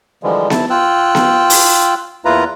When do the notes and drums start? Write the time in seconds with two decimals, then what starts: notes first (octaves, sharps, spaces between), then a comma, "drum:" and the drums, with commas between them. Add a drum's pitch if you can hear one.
0.23 D3 E3 F3 G3 G#3
0.50 E4 A5, drum: snare B3
0.70 F4 G5 E6 F#6
1.15 drum: snare B3
1.50 drum: open hi-hat
2.25 E2 A#3 E4 F4 B4 A#5